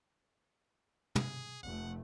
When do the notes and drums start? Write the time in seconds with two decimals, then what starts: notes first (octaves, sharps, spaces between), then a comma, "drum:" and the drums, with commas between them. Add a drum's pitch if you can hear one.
1.15 G#4, drum: tom
1.63 F1 A3 F#5